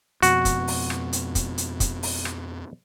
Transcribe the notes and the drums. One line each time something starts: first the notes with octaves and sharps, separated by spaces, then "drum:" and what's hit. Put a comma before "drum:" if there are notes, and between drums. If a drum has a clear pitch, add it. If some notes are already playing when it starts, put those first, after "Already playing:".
F2 B2 F#4, drum: hi-hat
drum: kick, hi-hat
drum: open hi-hat
drum: rim click
drum: hi-hat
drum: kick, hi-hat
drum: hi-hat
drum: kick, hi-hat
drum: open hi-hat
drum: rim click